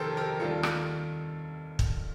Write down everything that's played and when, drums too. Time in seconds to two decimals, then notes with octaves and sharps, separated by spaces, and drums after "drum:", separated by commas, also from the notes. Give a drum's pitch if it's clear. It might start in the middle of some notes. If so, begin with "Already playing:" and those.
Already playing: F1 F2 D#3 G4 A4 A#4 C5
0.17 G4 A#4
0.40 D#2 D#3 G3 F4 A4
0.63 drum: rim click
1.79 drum: kick